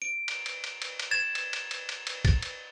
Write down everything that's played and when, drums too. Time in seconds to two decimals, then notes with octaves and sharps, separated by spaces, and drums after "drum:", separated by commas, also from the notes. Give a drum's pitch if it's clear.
0.02 D7
0.28 drum: cymbal
0.46 drum: cymbal
0.64 drum: cymbal
0.82 drum: cymbal
0.99 drum: cymbal
1.11 G#6 A6 E7
1.35 drum: cymbal
1.53 drum: cymbal
1.71 drum: cymbal
1.89 drum: cymbal
2.07 drum: cymbal
2.25 A6, drum: kick, cymbal
2.42 drum: cymbal